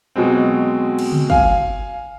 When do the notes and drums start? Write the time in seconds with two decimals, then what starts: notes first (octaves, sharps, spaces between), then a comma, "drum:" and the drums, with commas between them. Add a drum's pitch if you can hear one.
0.16 B2 F#3 G#3 C4
0.99 drum: cymbal
1.12 drum: tom C#3
1.30 F5 G#5, drum: kick